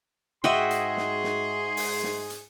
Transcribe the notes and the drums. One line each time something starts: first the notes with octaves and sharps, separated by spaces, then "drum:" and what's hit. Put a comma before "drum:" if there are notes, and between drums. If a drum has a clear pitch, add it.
G#2 F#4 G#4 D#5 E5 F#5 G5 C6
drum: hi-hat
drum: snare
drum: snare
drum: open hi-hat
drum: snare
drum: hi-hat